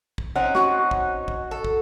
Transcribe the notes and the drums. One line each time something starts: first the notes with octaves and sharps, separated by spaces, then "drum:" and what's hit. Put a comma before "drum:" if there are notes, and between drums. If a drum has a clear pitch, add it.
drum: kick
C4 C#4 D#4 F#5
F#4, drum: snare
drum: kick
drum: kick
A4
drum: kick